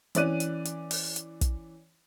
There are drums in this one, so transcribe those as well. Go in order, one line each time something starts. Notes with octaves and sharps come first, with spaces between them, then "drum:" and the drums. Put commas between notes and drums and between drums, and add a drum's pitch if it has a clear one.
E3 C#4 D5 F#6 D#7, drum: hi-hat
drum: hi-hat
drum: hi-hat
drum: open hi-hat
drum: hi-hat
drum: kick, hi-hat